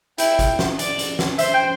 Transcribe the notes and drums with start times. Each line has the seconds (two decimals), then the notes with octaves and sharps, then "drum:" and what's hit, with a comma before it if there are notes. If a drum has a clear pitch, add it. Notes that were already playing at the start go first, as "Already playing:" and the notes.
0.18 E4 G5, drum: hi-hat
0.39 drum: kick G1, hi-hat
0.59 drum: snare
0.79 D5, drum: hi-hat
0.99 drum: hi-hat
1.19 drum: snare
1.39 C5 E5, drum: hi-hat
1.54 G5